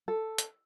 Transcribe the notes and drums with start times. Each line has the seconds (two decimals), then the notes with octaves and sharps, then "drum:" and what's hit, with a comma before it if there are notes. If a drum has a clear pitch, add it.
0.08 A4
0.38 drum: hi-hat